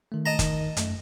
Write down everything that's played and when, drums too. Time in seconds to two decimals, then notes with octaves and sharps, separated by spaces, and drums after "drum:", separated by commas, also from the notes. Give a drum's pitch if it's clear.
0.12 D#3 A3
0.26 D#5 A5 A#5
0.39 D#3, drum: kick, hi-hat
0.77 F#2 A3, drum: hi-hat